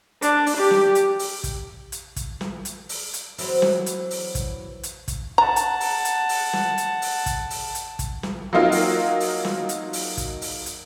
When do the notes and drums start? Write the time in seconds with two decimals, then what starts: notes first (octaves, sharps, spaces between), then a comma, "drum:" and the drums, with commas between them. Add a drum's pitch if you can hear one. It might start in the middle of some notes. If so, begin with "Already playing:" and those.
0.22 D4, drum: hi-hat
0.46 drum: open hi-hat
0.57 G4
0.71 drum: snare
0.95 drum: hi-hat
1.19 drum: open hi-hat
1.44 drum: kick, hi-hat
1.92 drum: hi-hat
2.16 drum: kick, hi-hat
2.41 drum: snare
2.65 drum: hi-hat
2.89 drum: open hi-hat
3.13 drum: hi-hat
3.38 E3 F#3 C4, drum: open hi-hat
3.62 drum: snare
3.86 drum: hi-hat
4.11 drum: open hi-hat
4.35 drum: kick, hi-hat
4.83 drum: hi-hat
5.08 drum: kick, hi-hat
5.38 F#5 A5 A#5
5.56 drum: hi-hat
5.80 drum: open hi-hat
6.05 drum: hi-hat
6.29 drum: open hi-hat
6.53 drum: snare
6.78 drum: hi-hat
7.02 drum: open hi-hat
7.26 drum: kick, hi-hat
7.50 drum: open hi-hat
7.75 drum: hi-hat
7.99 drum: kick, hi-hat
8.23 drum: snare
8.53 F#3 A#3 C4 D#4 F4 A#4
8.72 drum: open hi-hat
9.20 drum: open hi-hat
9.45 drum: snare
9.69 drum: hi-hat
9.93 drum: open hi-hat
10.17 drum: kick, hi-hat
10.42 drum: open hi-hat
10.66 drum: hi-hat